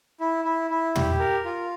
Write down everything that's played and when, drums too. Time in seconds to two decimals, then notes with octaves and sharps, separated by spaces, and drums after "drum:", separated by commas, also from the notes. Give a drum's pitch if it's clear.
0.20 E4
0.45 E4
0.70 E4
0.96 G4, drum: tom
1.19 A#4
1.45 F4